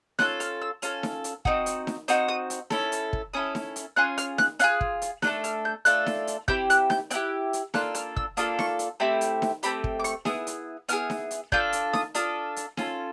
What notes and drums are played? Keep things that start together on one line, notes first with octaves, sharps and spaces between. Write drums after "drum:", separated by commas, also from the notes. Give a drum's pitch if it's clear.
C#4 F4 A4 F#6, drum: snare D#4
F6, drum: hi-hat
E6
C#4 F4 A4 F6, drum: hi-hat
drum: snare D#4
drum: hi-hat
C4 D#4 F#4 D#6, drum: kick
drum: hi-hat
drum: snare D#4
C4 D#4 F#4 D#6, drum: hi-hat
D#6
drum: hi-hat
C#4 E4 A4, drum: snare D#4
drum: hi-hat
drum: kick
C#4 E4 A4 D#6
drum: snare D#4
drum: hi-hat
C#4 F4 G#4 F#6
F6, drum: hi-hat
F#6, drum: snare D#4
C#4 F4 G#4 F#6, drum: hi-hat
drum: kick
drum: hi-hat
A3 D4 F4 A4 F#6, drum: snare D#4
F6, drum: hi-hat
G6
A3 D4 F4 A4 F#6, drum: hi-hat
drum: snare D#4
drum: hi-hat
C4 E4 G4 G6, drum: kick
F#6, drum: hi-hat
G6, drum: snare D#4
C4 E4 G4 F#6, drum: hi-hat
drum: hi-hat
A#3 D4 F4 A4 F#6, drum: snare D#4
F6, drum: hi-hat
E6, drum: kick
A#3 D4 F4 A4 D#6, drum: hi-hat
C#6, drum: snare D#4
drum: hi-hat
A3 C4 E4 G4
drum: hi-hat
drum: snare D#4
A3 C4 G4 B5, drum: hi-hat
drum: kick
D6
C#6, drum: hi-hat
B3 E4 G#4 D#6, drum: snare D#4
drum: hi-hat
B3 E4 G#4 F6, drum: hi-hat
drum: snare D#4
drum: hi-hat
D4 F4 A4 G6, drum: kick
drum: hi-hat
D#6, drum: snare D#4
D4 F4 A4 D#6, drum: hi-hat
drum: hi-hat
C#4 F4 A4, drum: snare D#4